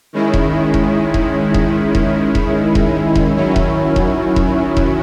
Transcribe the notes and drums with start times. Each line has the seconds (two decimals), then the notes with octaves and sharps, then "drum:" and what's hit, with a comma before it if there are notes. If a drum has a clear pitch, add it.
0.13 D#3 G#3 C#4 E4
0.34 drum: kick E1
0.74 drum: kick E1
1.14 drum: kick E1
1.54 drum: kick E1
1.95 drum: kick E1
2.35 drum: kick E1
2.75 drum: kick E1
3.15 drum: kick E1
3.36 D#3 F#3 C#4 E4
3.56 drum: kick E1
3.96 drum: kick E1
4.36 drum: kick E1
4.77 drum: kick E1